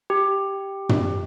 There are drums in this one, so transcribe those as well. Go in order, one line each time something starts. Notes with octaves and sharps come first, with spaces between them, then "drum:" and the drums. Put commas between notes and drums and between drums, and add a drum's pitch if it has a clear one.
G4
drum: tom